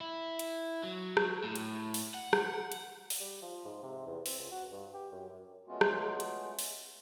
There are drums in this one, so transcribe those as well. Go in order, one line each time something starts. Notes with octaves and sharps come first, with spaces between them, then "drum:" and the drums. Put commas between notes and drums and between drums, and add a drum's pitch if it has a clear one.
E4
drum: hi-hat
F#3
drum: rim click
A2
drum: hi-hat
drum: open hi-hat
F#5
drum: rim click
drum: hi-hat
drum: open hi-hat
G3
F3
G#2
C3
E2
C4, drum: open hi-hat
C#2
F#4
G2
G4
F#2
F#2
G#3 A3 B3 C#4 F4 F#4
drum: rim click
drum: hi-hat
drum: open hi-hat